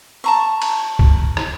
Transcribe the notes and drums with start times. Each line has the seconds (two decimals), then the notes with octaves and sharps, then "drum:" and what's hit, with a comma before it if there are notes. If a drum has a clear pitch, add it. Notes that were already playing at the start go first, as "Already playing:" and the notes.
0.24 A5 A#5 C#6
0.62 drum: cymbal
0.99 drum: kick
1.37 drum: rim click